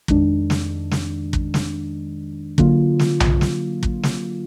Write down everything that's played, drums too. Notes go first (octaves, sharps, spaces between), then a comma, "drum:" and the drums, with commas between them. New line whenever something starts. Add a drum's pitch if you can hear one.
F2 D#3 G#3 D4, drum: kick
drum: snare
drum: snare
drum: kick
drum: snare
D3 F#3 A#3 F4, drum: kick
drum: snare
drum: tom B1
drum: snare
drum: kick
drum: snare